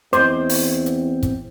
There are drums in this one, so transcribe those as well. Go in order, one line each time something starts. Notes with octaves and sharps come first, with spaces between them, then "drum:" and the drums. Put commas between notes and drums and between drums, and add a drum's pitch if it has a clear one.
E2 C4 C5 D#5, drum: hi-hat
drum: open hi-hat
drum: hi-hat
drum: kick, hi-hat